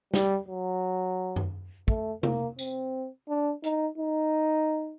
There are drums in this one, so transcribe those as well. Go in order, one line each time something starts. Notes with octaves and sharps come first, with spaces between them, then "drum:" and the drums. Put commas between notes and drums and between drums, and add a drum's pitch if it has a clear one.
G3, drum: snare
F#3
drum: tom F#2
A3, drum: kick
A#3, drum: tom C3
C4, drum: tambourine
D4
D#4, drum: hi-hat
D#4